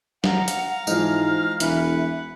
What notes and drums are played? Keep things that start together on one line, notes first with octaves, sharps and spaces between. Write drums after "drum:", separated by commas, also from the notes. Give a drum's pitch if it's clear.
F5 F#5 A#5, drum: snare
drum: hi-hat
G#2 E3 F3 D#4 F6, drum: tambourine
E1 E3 B4 E5 F#5, drum: hi-hat